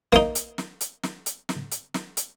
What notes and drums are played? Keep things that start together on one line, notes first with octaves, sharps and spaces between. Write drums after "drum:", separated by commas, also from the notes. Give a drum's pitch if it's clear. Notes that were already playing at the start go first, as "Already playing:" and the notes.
A#3 D#4, drum: snare
drum: hi-hat
drum: snare
drum: hi-hat
drum: snare
drum: hi-hat
drum: snare
drum: hi-hat
drum: snare
drum: hi-hat